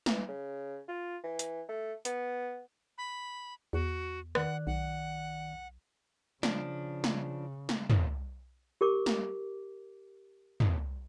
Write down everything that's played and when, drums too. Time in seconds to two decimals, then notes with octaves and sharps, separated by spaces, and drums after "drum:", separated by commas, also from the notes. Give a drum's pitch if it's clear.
0.06 E3, drum: snare
0.28 C#3
0.88 F4
1.24 E3
1.39 drum: hi-hat
1.68 A3
2.05 B3, drum: hi-hat
2.98 B5
3.73 E2 F#4
4.35 D#3 D5 F#5 F#6, drum: rim click
4.67 B1 F#5
6.43 C#3 F3 D4, drum: snare
7.04 drum: snare
7.69 drum: snare
7.90 drum: tom
8.81 G4 A#4 D6
9.06 drum: snare
10.60 drum: tom